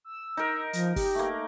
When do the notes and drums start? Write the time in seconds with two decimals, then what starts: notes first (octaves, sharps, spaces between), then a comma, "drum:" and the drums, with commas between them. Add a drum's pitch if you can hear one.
0.04 E6
0.37 D#4 A#4
0.73 F3, drum: hi-hat
0.96 G4, drum: kick, open hi-hat
1.15 A3 A#3